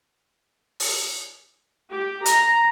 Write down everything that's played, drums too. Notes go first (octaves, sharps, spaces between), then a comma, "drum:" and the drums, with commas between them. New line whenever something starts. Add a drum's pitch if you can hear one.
drum: open hi-hat
G4
A#5, drum: hi-hat